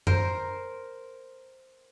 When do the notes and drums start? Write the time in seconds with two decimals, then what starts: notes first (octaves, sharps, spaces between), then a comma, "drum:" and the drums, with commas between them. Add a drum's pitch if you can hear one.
0.07 A#4 C5, drum: tom F#2